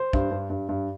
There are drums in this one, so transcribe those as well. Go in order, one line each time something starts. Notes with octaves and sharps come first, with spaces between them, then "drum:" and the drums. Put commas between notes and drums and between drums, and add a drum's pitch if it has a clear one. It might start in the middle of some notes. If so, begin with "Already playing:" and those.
Already playing: C5
G2, drum: kick
G2
G2
G2